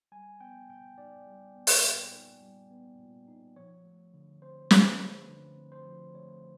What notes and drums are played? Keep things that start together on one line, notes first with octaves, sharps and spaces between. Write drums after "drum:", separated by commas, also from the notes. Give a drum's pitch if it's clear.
G3 G#5
B3 G5
A#2 G5
D#4 D5
G3
B3
drum: open hi-hat
A#2
D#4
G3
B3
A#2
D#4
F3 C#5
A3
D3
C4 C5
F3, drum: snare
B4
A3
D3
C4
C5
F3
A3 C#5